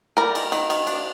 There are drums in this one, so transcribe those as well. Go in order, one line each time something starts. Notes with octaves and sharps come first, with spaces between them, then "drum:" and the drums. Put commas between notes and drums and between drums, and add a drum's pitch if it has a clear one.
G3 A#4 A#5
D#3, drum: cymbal
D#3, drum: cymbal
D#3, drum: cymbal
D4, drum: cymbal